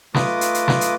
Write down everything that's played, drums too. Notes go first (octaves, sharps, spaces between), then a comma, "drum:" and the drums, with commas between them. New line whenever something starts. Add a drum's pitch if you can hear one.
A3 F4 B4 D#5 D6 D#6, drum: snare
drum: hi-hat
drum: hi-hat
drum: snare
drum: hi-hat